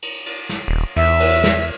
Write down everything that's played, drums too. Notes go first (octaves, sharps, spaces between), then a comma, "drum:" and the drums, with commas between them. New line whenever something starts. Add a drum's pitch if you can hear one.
drum: cymbal
drum: cymbal
drum: snare
D#1
E2 E5, drum: cymbal
drum: cymbal
drum: snare